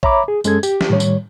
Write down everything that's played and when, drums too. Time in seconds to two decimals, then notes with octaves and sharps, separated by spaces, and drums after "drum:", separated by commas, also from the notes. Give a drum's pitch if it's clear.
0.03 C#5 E5 A#5 B5 D6, drum: kick
0.28 G#4
0.44 F#2 G#3 C#4 G#4 A4 G#6, drum: tambourine
0.63 G4, drum: tambourine
0.81 drum: snare
0.90 A2 D#3 G3 C#5
1.00 drum: tambourine